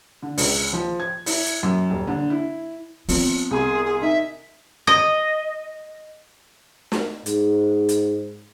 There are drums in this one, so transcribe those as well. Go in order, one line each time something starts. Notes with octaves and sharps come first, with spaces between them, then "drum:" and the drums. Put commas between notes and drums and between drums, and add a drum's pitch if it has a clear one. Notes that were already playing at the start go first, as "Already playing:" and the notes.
D3
C#2, drum: open hi-hat
F3
G#6
E4, drum: open hi-hat
drum: hi-hat
F#2
D#1
D3
E4
F3 B3 C4, drum: open hi-hat
C2 G#4 G#5 C6
G#4
D#4 E5
D#5
drum: snare
G#2, drum: hi-hat
drum: hi-hat